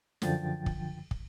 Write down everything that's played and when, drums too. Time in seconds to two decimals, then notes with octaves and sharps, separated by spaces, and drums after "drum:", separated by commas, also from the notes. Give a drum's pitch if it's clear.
0.22 F#2 D3 F3 G5 A6, drum: snare
0.66 drum: kick
1.11 drum: kick